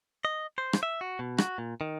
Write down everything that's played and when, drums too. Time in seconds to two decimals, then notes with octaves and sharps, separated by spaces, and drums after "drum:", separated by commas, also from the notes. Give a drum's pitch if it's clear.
0.25 D#5
0.58 C5
0.73 drum: rim click
0.83 E5
1.01 F#4
1.19 B2
1.38 F#4, drum: rim click
1.58 A#2
1.81 D#3